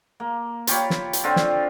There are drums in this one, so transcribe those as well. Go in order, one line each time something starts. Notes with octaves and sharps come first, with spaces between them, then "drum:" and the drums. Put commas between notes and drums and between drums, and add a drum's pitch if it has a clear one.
A#3
F4 G4 C#5 B5, drum: hi-hat
drum: snare
drum: hi-hat
D3 C4 F4
drum: snare